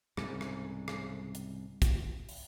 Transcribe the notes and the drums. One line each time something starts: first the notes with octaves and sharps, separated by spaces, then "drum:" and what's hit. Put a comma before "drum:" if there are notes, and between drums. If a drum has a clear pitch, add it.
C2 G#2 C#3, drum: rim click
drum: rim click
drum: rim click
drum: hi-hat
drum: kick, hi-hat
drum: open hi-hat